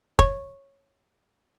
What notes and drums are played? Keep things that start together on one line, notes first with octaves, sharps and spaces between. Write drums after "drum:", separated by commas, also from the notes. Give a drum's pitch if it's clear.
C#5, drum: kick